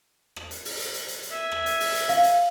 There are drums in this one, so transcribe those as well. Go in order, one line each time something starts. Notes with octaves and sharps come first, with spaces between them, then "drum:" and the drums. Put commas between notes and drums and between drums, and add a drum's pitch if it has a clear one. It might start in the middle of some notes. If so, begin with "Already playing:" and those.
drum: rim click
drum: hi-hat
drum: open hi-hat
drum: hi-hat
drum: hi-hat
drum: hi-hat
drum: hi-hat
E5 G#5
drum: rim click
drum: hi-hat
drum: open hi-hat
drum: hi-hat
F5, drum: hi-hat
drum: hi-hat